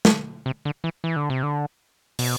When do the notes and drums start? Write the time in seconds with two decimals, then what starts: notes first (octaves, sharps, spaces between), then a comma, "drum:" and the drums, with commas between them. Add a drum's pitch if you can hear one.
0.05 drum: snare
0.46 C3
0.65 D3
0.84 E3
1.04 E3
1.16 D3
1.30 C3
1.43 D3
2.19 B2, drum: open hi-hat